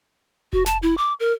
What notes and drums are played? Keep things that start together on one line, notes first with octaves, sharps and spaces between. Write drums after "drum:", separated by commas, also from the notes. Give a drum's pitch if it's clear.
F#4, drum: kick F1
A5, drum: snare
E4
D6
A#4